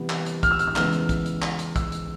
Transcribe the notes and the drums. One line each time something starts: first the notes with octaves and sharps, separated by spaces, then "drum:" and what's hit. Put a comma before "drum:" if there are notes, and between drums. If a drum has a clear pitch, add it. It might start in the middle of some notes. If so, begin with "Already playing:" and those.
Already playing: C3 E3 G3 B3
drum: clap
drum: hi-hat
F6, drum: kick, hi-hat
E6
F6, drum: hi-hat
E6
C#3 E3 G#3 B3 F6, drum: clap
drum: hi-hat
drum: kick, hi-hat
drum: hi-hat
drum: clap
drum: hi-hat
E6, drum: kick, hi-hat
drum: hi-hat